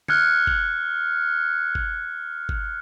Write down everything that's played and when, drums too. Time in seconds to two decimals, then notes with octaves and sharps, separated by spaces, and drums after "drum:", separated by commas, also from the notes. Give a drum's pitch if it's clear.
0.08 F6 F#6 G#6 C#7, drum: tom
0.47 drum: kick G1
1.75 drum: kick G1
2.49 drum: kick G1